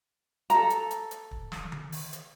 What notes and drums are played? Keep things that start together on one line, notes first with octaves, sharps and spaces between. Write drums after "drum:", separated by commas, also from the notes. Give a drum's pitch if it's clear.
A4 A#5, drum: hi-hat
drum: hi-hat
drum: hi-hat
drum: hi-hat
drum: kick
drum: snare
drum: tom D#3
drum: open hi-hat
drum: hi-hat